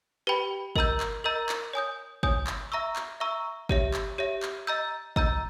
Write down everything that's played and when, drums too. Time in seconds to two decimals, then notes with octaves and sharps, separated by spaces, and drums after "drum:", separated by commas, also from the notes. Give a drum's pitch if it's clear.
0.27 G4 B4 G5 B5
0.76 A#4 D#5 A#5 E6 G6, drum: kick
1.00 drum: clap
1.24 A#4 D#5 A#5 E6 G6
1.49 drum: clap
1.73 C#5 G#5 D#6 G6
2.23 C#5 G#5 D#6 G6, drum: kick
2.47 drum: clap
2.72 E5 A#5 C#6 E6
2.96 drum: clap
3.20 E5 A#5 C#6 E6
3.69 G4 C#5 E5, drum: kick
3.94 drum: clap
4.18 G4 C#5 E5
4.43 drum: clap
4.67 D#5 A#5 E6 G6
5.16 D#5 A#5 E6 G6, drum: kick